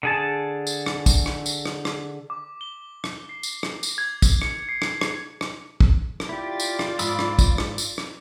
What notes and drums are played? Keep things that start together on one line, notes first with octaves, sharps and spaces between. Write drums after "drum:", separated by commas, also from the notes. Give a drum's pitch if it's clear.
D3 G#4 A5
drum: tambourine
drum: rim click
drum: kick, tambourine
drum: rim click
drum: tambourine
drum: rim click
drum: rim click
D6
G7
drum: rim click
C7
drum: tambourine
drum: rim click
drum: tambourine
G#6
drum: kick, tambourine
C#7, drum: rim click
C7
drum: rim click
drum: rim click
drum: rim click
drum: kick
drum: rim click
E4 F4 G4 D5
drum: tambourine
drum: rim click
G#2 B5 D#6 E6, drum: tambourine
drum: rim click
drum: kick, tambourine
drum: rim click
drum: tambourine
drum: rim click